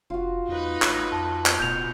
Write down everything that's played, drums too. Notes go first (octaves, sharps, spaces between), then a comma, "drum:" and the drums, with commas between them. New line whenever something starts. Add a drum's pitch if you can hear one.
F1 F4 F#4
E2 D#4 B4
A1, drum: clap
F2 A5
drum: clap
D1 B2 G6 F7